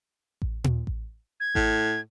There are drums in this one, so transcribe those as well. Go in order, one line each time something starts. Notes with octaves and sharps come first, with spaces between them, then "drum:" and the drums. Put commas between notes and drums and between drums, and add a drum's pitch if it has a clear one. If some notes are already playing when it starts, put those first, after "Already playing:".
drum: kick A1
drum: tom A#2
drum: kick A1
G#6
A2, drum: kick A1